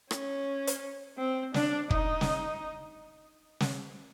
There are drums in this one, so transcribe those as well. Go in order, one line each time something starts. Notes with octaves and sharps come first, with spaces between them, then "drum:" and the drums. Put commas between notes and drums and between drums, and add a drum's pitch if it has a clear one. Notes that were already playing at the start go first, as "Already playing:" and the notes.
C#4, drum: rim click
drum: hi-hat
C4
D4, drum: snare
D#4, drum: kick
drum: snare
drum: snare